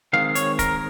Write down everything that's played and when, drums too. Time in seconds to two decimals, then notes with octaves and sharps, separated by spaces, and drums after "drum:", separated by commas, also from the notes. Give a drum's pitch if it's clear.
0.13 D#3 G#3 C4 F5
0.35 C#5, drum: hi-hat
0.59 A#4, drum: kick D1, hi-hat